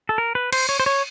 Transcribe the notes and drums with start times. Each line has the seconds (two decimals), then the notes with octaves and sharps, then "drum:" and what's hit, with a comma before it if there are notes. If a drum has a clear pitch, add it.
0.09 A4
0.18 A#4
0.35 B4
0.53 C5, drum: cymbal
0.69 C#5
0.80 C5
0.86 C#5